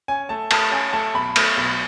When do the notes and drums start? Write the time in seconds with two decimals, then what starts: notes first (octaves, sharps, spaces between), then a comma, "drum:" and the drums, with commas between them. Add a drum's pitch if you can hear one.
0.08 C#4 G#5
0.29 A3 A5
0.51 A3 A5, drum: cymbal
0.72 C#4 G#5
0.93 A3 A5
1.14 B1 B5
1.36 A3, drum: cymbal
1.57 B1